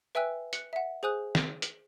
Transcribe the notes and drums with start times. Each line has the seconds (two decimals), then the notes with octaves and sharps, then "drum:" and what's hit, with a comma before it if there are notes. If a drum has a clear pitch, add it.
0.15 B4 E5 G5 G#5 E6 F#6
0.53 F#6 C#7, drum: hi-hat
0.73 E5 F#5
1.03 G#4 C5 G#5 D#6 F#6
1.35 drum: snare
1.62 drum: hi-hat